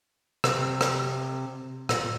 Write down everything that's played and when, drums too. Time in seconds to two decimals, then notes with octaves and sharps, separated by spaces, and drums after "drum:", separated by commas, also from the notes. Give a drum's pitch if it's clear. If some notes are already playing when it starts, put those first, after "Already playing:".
0.44 C3, drum: rim click
0.81 drum: rim click
1.89 A#2, drum: rim click